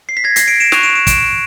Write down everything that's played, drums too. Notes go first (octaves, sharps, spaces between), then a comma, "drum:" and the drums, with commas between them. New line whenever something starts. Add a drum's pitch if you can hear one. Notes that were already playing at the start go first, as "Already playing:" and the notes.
C7
B6
G#6 A#6
A#6 C7, drum: hi-hat
C7 D7
D7 E7
C#6 F#6 D#7 F7, drum: snare
D7 E7
D7 E7
D7 E7, drum: kick, hi-hat